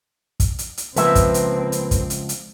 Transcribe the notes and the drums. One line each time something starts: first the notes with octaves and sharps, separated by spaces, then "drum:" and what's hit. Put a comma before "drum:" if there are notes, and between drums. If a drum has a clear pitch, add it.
drum: kick, hi-hat
drum: hi-hat
drum: hi-hat
C#2 F3 A#3 C4 B4 E5, drum: hi-hat
drum: kick, hi-hat
drum: hi-hat
drum: hi-hat
drum: kick, hi-hat
drum: hi-hat
drum: hi-hat